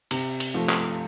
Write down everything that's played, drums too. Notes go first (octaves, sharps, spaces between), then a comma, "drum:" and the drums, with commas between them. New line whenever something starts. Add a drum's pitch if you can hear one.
C3, drum: cymbal
drum: cymbal
F3 A3
drum: clap